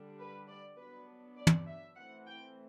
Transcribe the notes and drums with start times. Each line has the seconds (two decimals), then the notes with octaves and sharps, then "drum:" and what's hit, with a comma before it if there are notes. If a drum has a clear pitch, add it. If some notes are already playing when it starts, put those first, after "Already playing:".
Already playing: D3 G3 D4
0.19 B4
0.48 D5
0.77 F#3 B3 D4 B4
1.37 D5
1.47 drum: tom
1.67 E5
1.96 E3 A3 C4 F#5
2.26 G5